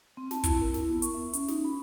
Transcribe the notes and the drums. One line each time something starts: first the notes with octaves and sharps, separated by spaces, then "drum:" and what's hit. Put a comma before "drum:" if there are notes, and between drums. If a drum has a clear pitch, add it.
C4
A5, drum: snare
E4, drum: kick, hi-hat
A#4
E4, drum: snare
B3
C#6, drum: hi-hat
E5
C#4, drum: hi-hat
D#4, drum: snare
B5